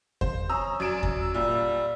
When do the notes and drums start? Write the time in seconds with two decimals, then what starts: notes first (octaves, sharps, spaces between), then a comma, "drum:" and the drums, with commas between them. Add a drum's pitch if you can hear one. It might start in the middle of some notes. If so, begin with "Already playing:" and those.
0.21 C5, drum: kick E2
0.50 C#4 A#5 D#6 E6
0.80 F#2 D5 G#5 D7 E7
1.03 drum: kick E2
1.19 E6
1.34 A#2 G3 E5